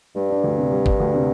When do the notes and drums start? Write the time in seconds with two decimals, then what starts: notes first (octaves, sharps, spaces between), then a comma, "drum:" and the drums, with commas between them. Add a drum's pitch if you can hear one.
0.15 G2 G3
0.30 D4
0.44 D2
0.58 C3
0.72 G3
0.86 D4, drum: kick
1.00 D2
1.15 C3